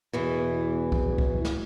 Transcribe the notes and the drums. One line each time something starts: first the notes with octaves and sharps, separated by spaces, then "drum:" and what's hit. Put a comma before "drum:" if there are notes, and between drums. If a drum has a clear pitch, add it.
E2 B2 E3
drum: kick B1
drum: kick B1
drum: snare